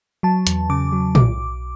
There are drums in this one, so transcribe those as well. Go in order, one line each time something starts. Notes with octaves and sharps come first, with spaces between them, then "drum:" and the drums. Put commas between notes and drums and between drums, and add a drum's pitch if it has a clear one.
F#3 A5
E2, drum: hi-hat
C#3 D6
F#3
B1 D6, drum: tom
B1